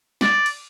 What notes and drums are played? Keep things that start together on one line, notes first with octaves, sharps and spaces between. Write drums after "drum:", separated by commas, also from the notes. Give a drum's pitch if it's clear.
D5, drum: snare
drum: cymbal